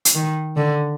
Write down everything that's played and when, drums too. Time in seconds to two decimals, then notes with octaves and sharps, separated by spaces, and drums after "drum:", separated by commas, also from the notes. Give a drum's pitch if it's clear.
0.05 drum: hi-hat
0.15 D#3
0.57 D3